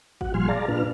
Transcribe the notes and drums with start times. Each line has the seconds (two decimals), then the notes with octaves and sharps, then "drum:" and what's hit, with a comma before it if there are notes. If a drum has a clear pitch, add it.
0.21 F#4 F#5, drum: kick G1
0.34 A#2 F3 G3 G#5 C6 F6
0.48 G#4 D5 F5 A5 A#5
0.68 A#2 D4 F4 B4 F6